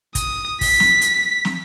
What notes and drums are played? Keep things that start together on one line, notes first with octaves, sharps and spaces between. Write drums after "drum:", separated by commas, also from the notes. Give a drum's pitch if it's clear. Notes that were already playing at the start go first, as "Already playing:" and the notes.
D#6, drum: kick, hi-hat
B6, drum: kick, open hi-hat
drum: snare
drum: hi-hat
drum: snare